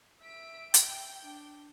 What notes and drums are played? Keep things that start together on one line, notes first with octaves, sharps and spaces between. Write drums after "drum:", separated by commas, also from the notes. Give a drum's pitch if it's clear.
E5 B6 D7
G5, drum: hi-hat
D4